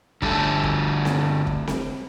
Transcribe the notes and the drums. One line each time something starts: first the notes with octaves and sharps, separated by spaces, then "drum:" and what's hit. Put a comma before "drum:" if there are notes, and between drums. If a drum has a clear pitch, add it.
D3 G3 A3 A4, drum: kick
drum: kick
drum: snare C4
drum: kick
drum: snare C4